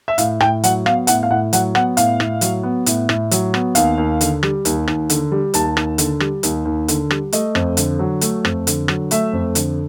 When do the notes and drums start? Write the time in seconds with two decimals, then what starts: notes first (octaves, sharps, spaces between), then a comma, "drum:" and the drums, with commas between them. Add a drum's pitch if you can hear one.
0.08 E5
0.18 A2 F5, drum: hi-hat
0.40 A2 G5, drum: rim click
0.64 F#3 F#5, drum: hi-hat
0.86 B3 F5, drum: rim click
1.07 A2 F#5, drum: hi-hat
1.23 F5
1.30 A2 F#5
1.53 F#3 F#5, drum: hi-hat
1.75 B3 F#5, drum: rim click
1.97 A2 F5, drum: hi-hat
2.20 A2, drum: rim click
2.41 F#3, drum: hi-hat
2.63 B3
2.86 A2, drum: hi-hat
3.09 A2, drum: rim click
3.31 F#3, drum: hi-hat
3.54 B3, drum: rim click
3.75 D#2 F5, drum: hi-hat
3.98 D#2
4.21 D3, drum: hi-hat
4.43 G3, drum: rim click
4.65 D#2, drum: hi-hat
4.88 D#2, drum: rim click
5.10 D3, drum: hi-hat
5.32 G3
5.54 D#2 A5, drum: hi-hat
5.77 D#2, drum: rim click
5.98 D3, drum: hi-hat
6.20 G3, drum: rim click
6.43 D#2, drum: hi-hat
6.65 D#2
6.88 D3, drum: hi-hat
7.11 G3, drum: rim click
7.32 A3 D#5, drum: hi-hat
7.55 F2, drum: rim click
7.77 D3, drum: hi-hat
7.99 F#3
8.21 A3, drum: hi-hat
8.45 F2, drum: rim click
8.67 D3, drum: hi-hat
8.88 F#3, drum: rim click
9.11 A3 E5, drum: hi-hat
9.33 F2
9.55 D3, drum: hi-hat